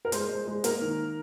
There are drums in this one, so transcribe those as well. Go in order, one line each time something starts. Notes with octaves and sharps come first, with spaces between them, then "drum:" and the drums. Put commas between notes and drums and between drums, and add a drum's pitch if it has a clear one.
A#4
G#3 C5, drum: hi-hat
G#3
G#3
A#3 A#4, drum: hi-hat
D#3